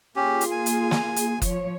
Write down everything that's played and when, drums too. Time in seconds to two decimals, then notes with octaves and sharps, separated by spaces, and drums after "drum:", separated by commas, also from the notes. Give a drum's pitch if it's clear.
0.16 A#3 C#4 F4 G4 G#4
0.41 drum: hi-hat
0.51 G#5
0.66 drum: hi-hat
0.91 drum: snare
1.16 drum: hi-hat
1.42 F3 C#5, drum: kick F#1, hi-hat